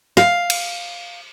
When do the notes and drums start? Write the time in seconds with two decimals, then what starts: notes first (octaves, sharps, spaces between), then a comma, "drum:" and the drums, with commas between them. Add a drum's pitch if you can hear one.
0.17 F5, drum: snare
0.50 drum: cymbal